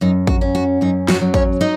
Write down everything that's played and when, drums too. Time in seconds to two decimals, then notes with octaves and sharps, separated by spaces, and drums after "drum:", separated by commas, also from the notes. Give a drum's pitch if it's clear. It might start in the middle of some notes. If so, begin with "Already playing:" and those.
0.01 F#2 D#4
0.27 F#4, drum: kick A1
0.41 C#4
0.55 F#4
0.81 F#2 D#4
1.08 F#4, drum: snare
1.21 F#3
1.34 C#4 C#5, drum: kick A1
1.61 D#4 D#5